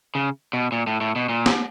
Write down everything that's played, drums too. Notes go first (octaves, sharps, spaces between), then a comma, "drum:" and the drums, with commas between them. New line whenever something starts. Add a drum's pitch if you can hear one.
C#3
B2
A#2
A2
A2
B2
A#2
drum: snare